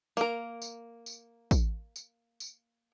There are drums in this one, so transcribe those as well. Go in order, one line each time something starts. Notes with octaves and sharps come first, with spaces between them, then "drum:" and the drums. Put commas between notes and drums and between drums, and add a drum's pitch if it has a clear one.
A#3 A#4, drum: tambourine
drum: tambourine
drum: tambourine
drum: kick, tambourine
drum: tambourine
drum: tambourine